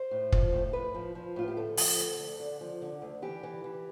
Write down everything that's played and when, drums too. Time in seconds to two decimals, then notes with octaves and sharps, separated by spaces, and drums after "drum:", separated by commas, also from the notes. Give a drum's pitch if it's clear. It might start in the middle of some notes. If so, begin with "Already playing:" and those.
Already playing: C5
0.11 A2
0.32 F3, drum: kick
0.53 A2
0.73 A2 B4
0.95 F3
1.15 F3
1.36 A2 F4
1.48 G4
1.57 D2 A4
1.77 F3, drum: open hi-hat
1.98 D2
2.19 D2
2.40 D3
2.61 F3
2.82 D3
3.02 D2
3.22 E3 G4
3.43 E3
3.64 E3